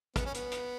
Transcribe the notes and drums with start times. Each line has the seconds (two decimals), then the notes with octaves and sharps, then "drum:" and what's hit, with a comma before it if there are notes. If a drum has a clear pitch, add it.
0.16 B3, drum: kick, hi-hat
0.25 C#4
0.34 B3, drum: hi-hat
0.52 drum: hi-hat